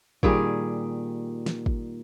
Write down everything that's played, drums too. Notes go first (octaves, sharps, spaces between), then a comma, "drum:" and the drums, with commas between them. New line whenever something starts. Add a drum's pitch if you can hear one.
A#2 D#3 G3 G#4, drum: kick G#1
drum: snare
drum: kick G#1